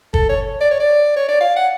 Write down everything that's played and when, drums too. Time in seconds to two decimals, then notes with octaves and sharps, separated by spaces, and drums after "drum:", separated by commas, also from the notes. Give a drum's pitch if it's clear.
0.14 A4, drum: kick
0.29 C#5
0.61 D5
0.71 C#5
0.80 D5
1.16 C#5
1.28 D5
1.41 F5
1.56 F#5